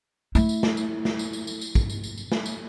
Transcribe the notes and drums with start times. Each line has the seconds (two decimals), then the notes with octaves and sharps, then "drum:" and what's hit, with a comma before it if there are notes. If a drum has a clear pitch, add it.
0.35 A3 E4, drum: tambourine
0.49 drum: tambourine
0.63 drum: snare
0.77 drum: tambourine
1.05 drum: snare
1.19 drum: tambourine
1.33 drum: tambourine
1.47 drum: tambourine
1.61 drum: tambourine
1.75 drum: kick, tambourine
1.89 drum: tambourine
2.03 drum: tambourine
2.18 drum: tambourine
2.32 drum: snare
2.46 drum: tambourine